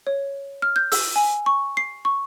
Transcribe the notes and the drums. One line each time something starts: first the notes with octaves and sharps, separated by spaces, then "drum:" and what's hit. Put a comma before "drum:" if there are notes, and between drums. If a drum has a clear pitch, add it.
C#5
F6
G6
E6, drum: open hi-hat
G#5
C#6
C7
C#6